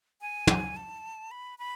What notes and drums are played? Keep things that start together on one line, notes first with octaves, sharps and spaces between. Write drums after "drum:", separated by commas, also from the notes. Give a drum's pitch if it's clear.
G#5
drum: tom
A5
B5
B5